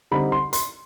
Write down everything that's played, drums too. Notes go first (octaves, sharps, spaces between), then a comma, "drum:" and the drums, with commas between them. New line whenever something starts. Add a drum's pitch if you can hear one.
D3 G3 C4 D#4 B5
C6
C6, drum: hi-hat